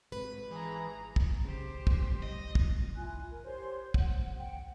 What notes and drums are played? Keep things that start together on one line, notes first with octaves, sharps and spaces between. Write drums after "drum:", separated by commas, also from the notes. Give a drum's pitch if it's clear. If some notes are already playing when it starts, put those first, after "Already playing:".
G#1 B4
E3 G#4 A#5
drum: kick
C#3 G4 C5
G3, drum: kick
D#5
drum: kick
E4 F4 G#5 F#6
A#4
G4 C5 C#5 C6
F#5, drum: kick
F#5 G5